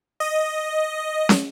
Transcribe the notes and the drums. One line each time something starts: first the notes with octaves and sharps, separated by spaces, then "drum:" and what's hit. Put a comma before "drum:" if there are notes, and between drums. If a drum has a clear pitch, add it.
D#5
drum: snare